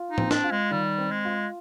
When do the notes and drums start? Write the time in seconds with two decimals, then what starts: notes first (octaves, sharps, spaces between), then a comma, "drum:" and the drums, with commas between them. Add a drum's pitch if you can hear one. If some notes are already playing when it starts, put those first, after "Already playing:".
Already playing: F4
0.11 D#4
0.18 C4, drum: tom
0.31 D4, drum: snare
0.44 F4
0.51 G#3
0.71 D#3 G3
0.98 C4
1.11 G#3
1.25 F4